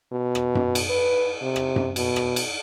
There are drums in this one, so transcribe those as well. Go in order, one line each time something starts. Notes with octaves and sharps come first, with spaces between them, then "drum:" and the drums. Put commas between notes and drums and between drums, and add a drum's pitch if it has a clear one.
B2
drum: rim click
drum: tom F#2
drum: cymbal
B4
C3
drum: rim click
drum: tom F#2
B2, drum: cymbal
drum: rim click
drum: cymbal